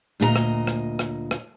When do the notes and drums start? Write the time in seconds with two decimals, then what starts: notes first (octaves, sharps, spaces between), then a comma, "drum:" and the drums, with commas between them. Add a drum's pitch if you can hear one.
0.20 D2 A#2 G#4 D#5 A#5
0.36 drum: rim click
0.67 drum: rim click
0.99 drum: rim click
1.31 drum: rim click